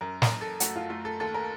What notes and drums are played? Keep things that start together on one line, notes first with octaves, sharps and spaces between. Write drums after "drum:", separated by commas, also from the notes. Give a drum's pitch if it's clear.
F#2 A#4
A#4, drum: snare
F#1
A4
A3 F#4, drum: hi-hat
F4
A3 F4
A4
D#2 A4
A#4